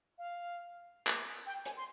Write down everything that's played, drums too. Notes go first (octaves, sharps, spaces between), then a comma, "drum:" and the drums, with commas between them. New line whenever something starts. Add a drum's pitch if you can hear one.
F5
drum: clap
G5
G#5, drum: hi-hat
C6